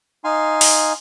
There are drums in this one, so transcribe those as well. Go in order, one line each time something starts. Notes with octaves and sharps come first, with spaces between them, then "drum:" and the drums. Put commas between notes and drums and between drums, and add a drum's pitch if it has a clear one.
D#4 F5 G#5 C6
drum: open hi-hat